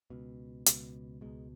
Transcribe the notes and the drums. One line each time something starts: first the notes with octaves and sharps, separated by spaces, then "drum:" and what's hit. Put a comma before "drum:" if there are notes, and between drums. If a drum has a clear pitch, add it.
C#2 B2
C#2 B2, drum: hi-hat
C#2 B2 G#3